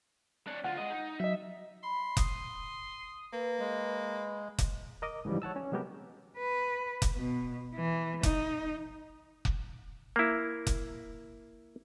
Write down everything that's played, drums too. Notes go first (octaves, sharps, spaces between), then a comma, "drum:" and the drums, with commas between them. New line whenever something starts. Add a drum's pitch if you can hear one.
D4 C#5
D2 F4 F#5
G#3 D#5
D#4
F#3 D#5 E5
B5 C6
D#6, drum: kick F1, hi-hat
A#3 B4
G#3
drum: kick F1, hi-hat
A#4 D#5 D6
G#2 C#3 E3 F3 G3
C#5 F#5 A5 E6
C#4
C3 F#3 G#3 B3 G4 A#4
B4
drum: kick F1, hi-hat
B2
E3
D#4, drum: kick F1, hi-hat
drum: kick F1
A#3 E4
drum: kick F1, hi-hat